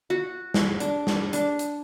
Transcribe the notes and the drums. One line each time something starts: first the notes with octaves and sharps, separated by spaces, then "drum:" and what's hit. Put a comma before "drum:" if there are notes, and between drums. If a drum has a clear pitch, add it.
F#4
drum: snare
D4, drum: hi-hat
drum: snare
D4, drum: hi-hat
drum: hi-hat